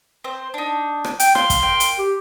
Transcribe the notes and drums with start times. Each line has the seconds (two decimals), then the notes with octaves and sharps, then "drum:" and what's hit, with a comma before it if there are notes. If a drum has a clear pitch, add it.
0.24 C4 C5
0.54 D4 D#4
1.04 drum: rim click
1.20 G5, drum: hi-hat
1.35 F5 C6, drum: rim click
1.50 drum: kick, hi-hat
1.60 A#3 G5
1.80 drum: hi-hat
1.99 G4